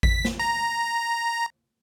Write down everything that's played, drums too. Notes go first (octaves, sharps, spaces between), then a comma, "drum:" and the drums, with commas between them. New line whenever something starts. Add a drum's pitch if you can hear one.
B6, drum: kick A1
drum: snare
A#5